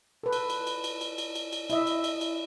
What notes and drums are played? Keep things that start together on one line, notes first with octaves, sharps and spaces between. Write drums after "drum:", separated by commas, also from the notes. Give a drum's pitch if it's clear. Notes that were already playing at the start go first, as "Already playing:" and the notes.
A4 B4
drum: cymbal
drum: cymbal
drum: cymbal
drum: cymbal
drum: cymbal
drum: cymbal
drum: cymbal
drum: cymbal
E4 D#5 E5, drum: cymbal
drum: cymbal
drum: cymbal
drum: cymbal